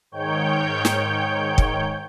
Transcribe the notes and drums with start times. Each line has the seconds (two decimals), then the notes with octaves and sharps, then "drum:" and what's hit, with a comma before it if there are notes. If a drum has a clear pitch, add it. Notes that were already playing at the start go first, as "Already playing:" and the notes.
0.12 G#2 D#3 C#5 G5 G6
0.85 drum: snare
1.58 drum: kick